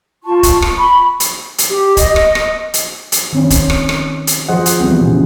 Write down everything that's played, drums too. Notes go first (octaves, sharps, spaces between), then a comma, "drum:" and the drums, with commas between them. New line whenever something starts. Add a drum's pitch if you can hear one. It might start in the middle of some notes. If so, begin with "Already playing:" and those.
F4 A5 C#6
drum: kick, hi-hat
drum: rim click
B5 C#6
drum: hi-hat
drum: hi-hat
G4
D#5, drum: kick, hi-hat
drum: rim click
drum: rim click
drum: hi-hat
drum: hi-hat
D#3 C4 C#4
drum: kick, hi-hat
drum: rim click
drum: rim click
drum: hi-hat
F3 G#4 C5 D#5 F#5
drum: hi-hat
E3 G3 B3 C4
A#2 C#3